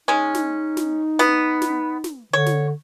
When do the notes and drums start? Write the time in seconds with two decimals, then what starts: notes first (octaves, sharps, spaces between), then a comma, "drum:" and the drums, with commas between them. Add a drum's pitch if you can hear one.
0.08 G#3 C#4 D#4
0.35 drum: snare
0.77 drum: snare
1.19 B3, drum: snare
1.62 drum: snare
2.04 drum: snare
2.33 D3 C#5
2.46 drum: snare